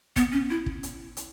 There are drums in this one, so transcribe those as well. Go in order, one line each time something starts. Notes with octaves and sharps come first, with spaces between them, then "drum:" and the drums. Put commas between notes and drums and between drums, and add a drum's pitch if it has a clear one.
B3, drum: kick, hi-hat
C#4
E4
drum: kick
drum: hi-hat
drum: hi-hat